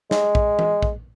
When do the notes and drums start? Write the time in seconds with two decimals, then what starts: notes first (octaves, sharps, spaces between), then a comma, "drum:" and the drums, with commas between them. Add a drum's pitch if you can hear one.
0.11 G#3, drum: snare
0.35 drum: kick A#1
0.59 drum: tom E3
0.82 drum: kick A#1